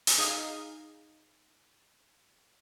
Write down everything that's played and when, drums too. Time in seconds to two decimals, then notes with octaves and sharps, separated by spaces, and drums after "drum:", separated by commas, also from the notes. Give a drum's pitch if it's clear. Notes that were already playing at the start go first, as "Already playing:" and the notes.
0.07 drum: open hi-hat
0.18 D#4 G#4 D#5 F5